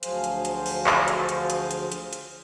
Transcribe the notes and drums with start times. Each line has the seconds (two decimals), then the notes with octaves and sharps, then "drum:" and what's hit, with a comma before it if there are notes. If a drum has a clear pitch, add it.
0.03 D2 F3 F#3 G#4 C5 F5, drum: hi-hat
0.24 drum: hi-hat
0.45 drum: hi-hat
0.66 drum: open hi-hat
0.87 drum: clap
1.08 drum: hi-hat
1.29 drum: hi-hat
1.50 drum: hi-hat
1.71 drum: hi-hat
1.92 drum: hi-hat
2.13 drum: hi-hat